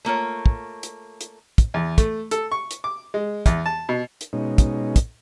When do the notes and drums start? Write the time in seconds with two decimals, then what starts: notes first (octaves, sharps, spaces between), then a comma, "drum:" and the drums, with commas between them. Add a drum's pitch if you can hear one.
0.05 A3 A#3 F4 C#5
0.46 drum: kick
0.83 drum: hi-hat
1.21 drum: hi-hat
1.58 drum: kick, hi-hat
1.74 E2
1.98 A3, drum: kick, hi-hat
2.31 A4, drum: hi-hat
2.52 C#6
2.71 drum: hi-hat
2.84 D6
3.14 G#3
3.46 E2, drum: kick, hi-hat
3.66 A5
3.89 B2
4.21 drum: hi-hat
4.33 B2 G#3 C#4 D#4
4.58 drum: kick, hi-hat
4.96 drum: kick, hi-hat